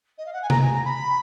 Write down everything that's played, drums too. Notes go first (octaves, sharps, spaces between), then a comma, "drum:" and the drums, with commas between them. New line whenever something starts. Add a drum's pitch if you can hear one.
D#5
F5
F#5
G#5
A#5, drum: tom C3
G#5
A#5
B5